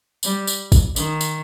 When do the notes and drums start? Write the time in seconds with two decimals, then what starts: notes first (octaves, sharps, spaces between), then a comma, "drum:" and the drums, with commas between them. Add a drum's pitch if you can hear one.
0.23 G3, drum: tambourine
0.47 drum: tambourine
0.72 drum: kick, tambourine
0.96 D#3, drum: tambourine
1.21 drum: tambourine